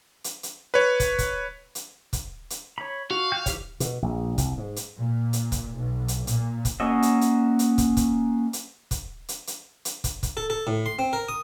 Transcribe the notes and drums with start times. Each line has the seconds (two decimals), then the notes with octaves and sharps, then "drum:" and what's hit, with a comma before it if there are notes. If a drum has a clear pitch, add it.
0.24 drum: hi-hat
0.43 drum: hi-hat
0.74 B4 C#5
1.00 drum: kick, hi-hat
1.18 drum: kick, hi-hat
1.75 drum: hi-hat
2.13 drum: kick, hi-hat
2.50 drum: hi-hat
2.78 C#5 B5
3.11 F#4 F5
3.32 F#4 G5 G6
3.46 E3 G4 C#5, drum: kick, hi-hat
3.80 B2, drum: hi-hat
4.02 A#1
4.38 C2, drum: kick, hi-hat
4.58 G#2
4.76 drum: hi-hat
4.99 A#2
5.33 drum: hi-hat
5.52 drum: kick, hi-hat
5.77 B1
6.08 drum: hi-hat
6.27 A#2, drum: hi-hat
6.65 drum: kick, hi-hat
6.80 A#3 C#4 F#4 D#5 E5
7.02 drum: hi-hat
7.21 drum: hi-hat
7.59 drum: hi-hat
7.78 drum: kick, hi-hat
7.97 drum: kick, hi-hat
8.53 drum: hi-hat
8.91 drum: kick, hi-hat
9.29 drum: hi-hat
9.47 drum: hi-hat
9.85 drum: hi-hat
10.04 drum: kick, hi-hat
10.23 drum: kick, hi-hat
10.37 A4
10.50 A4
10.67 A2
10.86 C6
10.99 C4
11.13 A#4
11.29 D#6